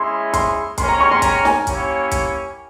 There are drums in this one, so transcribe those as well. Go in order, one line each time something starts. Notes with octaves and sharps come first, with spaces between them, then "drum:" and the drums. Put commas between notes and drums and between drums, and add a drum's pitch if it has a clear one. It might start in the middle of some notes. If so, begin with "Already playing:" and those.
Already playing: G#3 C#4 E4 G#4 E5 C6
C6, drum: kick, hi-hat
G#3 C#4 G4 A#4 C#5 C6, drum: kick, hi-hat
A#5
C#6
C6
A#5, drum: kick, hi-hat
G#5, drum: snare
A#3 C#4 E4 G4 C#5, drum: kick, hi-hat
drum: kick, hi-hat